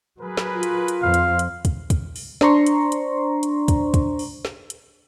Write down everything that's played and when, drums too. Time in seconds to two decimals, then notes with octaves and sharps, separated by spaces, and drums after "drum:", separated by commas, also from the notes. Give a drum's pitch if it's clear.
0.20 F#3 G#4 A#4 B4
0.37 drum: snare
0.54 F4
0.63 drum: hi-hat
0.88 drum: hi-hat
1.02 F2 F3 F5
1.14 drum: hi-hat
1.39 drum: hi-hat
1.65 drum: kick, hi-hat
1.90 drum: kick, hi-hat
2.16 drum: open hi-hat
2.41 D4 C5 D5 A#5 C6 C#6, drum: snare
2.66 drum: hi-hat
2.92 drum: hi-hat
3.43 drum: hi-hat
3.68 drum: kick, hi-hat
3.94 drum: kick, hi-hat
4.19 drum: open hi-hat
4.45 drum: snare
4.70 drum: hi-hat